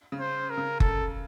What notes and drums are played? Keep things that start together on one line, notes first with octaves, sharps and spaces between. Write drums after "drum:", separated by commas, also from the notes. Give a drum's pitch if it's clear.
C#3
C5
A#4
C#3
A4, drum: kick F#1